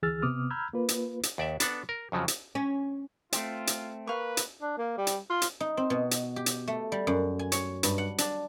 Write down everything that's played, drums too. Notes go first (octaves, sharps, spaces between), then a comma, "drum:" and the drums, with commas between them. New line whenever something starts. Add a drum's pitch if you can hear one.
D2 E3 G#4 E6 F6 A6
C3 B3 D6 D#6 F6
A#5 B5 E6 F6 G6 G#6
A#3 F4 B4
drum: hi-hat
drum: hi-hat
D#2 D5 E5
B3 D4 A4 F#5, drum: hi-hat
A#4
F2 C#3 F3 F#3
drum: hi-hat
C#4
A3 C4 F4, drum: hi-hat
drum: hi-hat
A#3 B4 F5 C#6
drum: hi-hat
D4
A#3
G3
drum: hi-hat
F4
drum: hi-hat
D#4
C4
B2
drum: hi-hat
G4
drum: hi-hat
A3
G3
F#2
G#5
C#5, drum: hi-hat
G2, drum: hi-hat
F#5
D4, drum: hi-hat